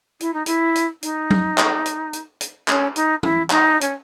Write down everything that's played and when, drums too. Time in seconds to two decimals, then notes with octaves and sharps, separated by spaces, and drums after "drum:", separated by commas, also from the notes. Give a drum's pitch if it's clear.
0.20 E4, drum: hi-hat
0.34 D#4
0.46 E4, drum: hi-hat
0.75 drum: hi-hat
1.03 D#4, drum: hi-hat
1.31 drum: tom F#3
1.58 drum: clap
1.86 drum: hi-hat
2.13 drum: hi-hat
2.41 drum: hi-hat
2.68 C#4, drum: clap
2.96 D#4, drum: hi-hat
3.23 E4, drum: tom
3.50 D#4, drum: clap
3.81 C#4, drum: hi-hat